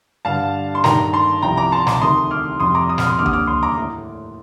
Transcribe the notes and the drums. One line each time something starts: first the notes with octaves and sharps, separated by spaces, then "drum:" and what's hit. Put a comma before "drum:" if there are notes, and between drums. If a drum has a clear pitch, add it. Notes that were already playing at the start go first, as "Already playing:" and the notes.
G2 D3 G3 F5 A5
C6
G2 D#3 A3 G5 A#5, drum: snare
A5 C6
C2 C3 F3 G5 A#5
A#5 D6
A5 C6
A#5 D6, drum: snare
D2 C3 D#3 A3 C6 D#6
D6 F6
F2 C3 G3 C6 D#6
A#5 D6
D#6
F6, drum: snare
C6 D#6
D#2 D3 G3 D6 F6
D#6, drum: tom C#2
D6 F6
C6 D#6
A#5 D6
A2 A3